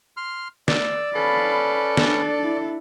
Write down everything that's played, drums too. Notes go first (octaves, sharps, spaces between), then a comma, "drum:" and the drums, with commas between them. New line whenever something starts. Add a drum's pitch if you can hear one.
C6 F6
D5 E6, drum: snare
C#4 A4 B4 F5 B5
D4, drum: snare
D4 E4